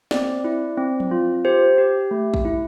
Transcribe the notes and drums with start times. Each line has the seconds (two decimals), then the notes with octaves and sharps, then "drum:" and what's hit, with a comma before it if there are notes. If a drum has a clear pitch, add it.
0.11 C4 D5, drum: snare
0.44 E4
0.78 C4
1.00 drum: tom F3
1.11 F4
1.45 G4 C5
1.78 G4
2.11 A3
2.34 drum: kick
2.45 E4